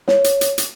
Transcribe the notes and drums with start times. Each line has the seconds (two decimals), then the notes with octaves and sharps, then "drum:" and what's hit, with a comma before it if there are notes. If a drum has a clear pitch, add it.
0.08 C#5, drum: snare
0.24 drum: hi-hat
0.41 drum: hi-hat
0.58 drum: hi-hat